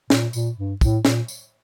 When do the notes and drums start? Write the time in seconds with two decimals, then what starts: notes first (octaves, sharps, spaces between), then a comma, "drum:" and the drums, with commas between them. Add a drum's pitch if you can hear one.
0.10 A#2, drum: snare
0.33 A#2, drum: tambourine
0.57 G2
0.81 A2, drum: kick, tambourine
1.05 A#2, drum: snare
1.28 drum: tambourine